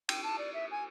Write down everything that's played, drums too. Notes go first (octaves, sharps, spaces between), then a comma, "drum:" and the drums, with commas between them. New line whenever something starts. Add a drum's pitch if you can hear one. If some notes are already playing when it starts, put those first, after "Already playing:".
G5, drum: cymbal
A5
D5
E5
G#5